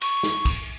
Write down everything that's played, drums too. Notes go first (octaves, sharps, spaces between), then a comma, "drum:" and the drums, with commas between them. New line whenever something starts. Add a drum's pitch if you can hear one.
C#6, drum: cymbal
drum: snare
drum: kick, cymbal